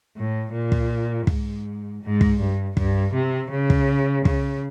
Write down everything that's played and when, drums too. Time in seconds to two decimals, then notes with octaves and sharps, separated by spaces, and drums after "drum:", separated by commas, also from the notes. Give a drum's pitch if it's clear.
0.16 A2
0.53 A#2
0.72 drum: kick
1.27 G#2, drum: kick
2.03 G#2
2.21 drum: kick
2.39 G2
2.77 G2, drum: kick
3.14 C3
3.51 C#3
3.70 drum: kick
4.25 C#3, drum: kick